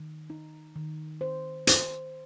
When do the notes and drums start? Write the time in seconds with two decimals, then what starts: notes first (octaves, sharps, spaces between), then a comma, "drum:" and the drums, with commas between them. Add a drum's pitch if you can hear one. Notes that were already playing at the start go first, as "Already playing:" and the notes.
Already playing: D#3
0.30 D#4
0.76 D#3
1.21 C5
1.67 C5, drum: hi-hat